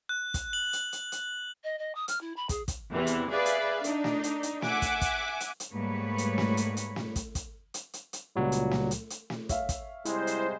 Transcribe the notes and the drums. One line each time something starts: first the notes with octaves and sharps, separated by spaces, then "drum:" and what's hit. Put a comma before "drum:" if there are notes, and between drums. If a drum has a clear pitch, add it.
F#6
drum: kick, hi-hat
F#7
drum: hi-hat
drum: hi-hat
drum: hi-hat
D#5
D#5
D#6
F6, drum: hi-hat
E4
B5
G#4, drum: kick, hi-hat
drum: kick, hi-hat
E2 C3 E3
drum: hi-hat
G#4 B4 D5 E5 F5
drum: hi-hat
D4 D#4, drum: hi-hat
drum: snare
drum: hi-hat
drum: hi-hat
E5 F#5 G#5 D6, drum: snare
drum: kick, hi-hat
drum: kick, hi-hat
drum: hi-hat
drum: hi-hat
G#2 G3 A3 A#3 B4 C#5
drum: hi-hat
drum: snare
drum: hi-hat
drum: hi-hat
drum: snare
drum: kick, hi-hat
drum: kick, hi-hat
drum: hi-hat
drum: hi-hat
drum: hi-hat
C#2 A#2 F#3 G3
drum: hi-hat
drum: snare
drum: hi-hat
drum: hi-hat
drum: snare
C#5 E5 F5, drum: kick, hi-hat
drum: kick, hi-hat
C3 G3 G#3 E4 C5, drum: hi-hat
drum: hi-hat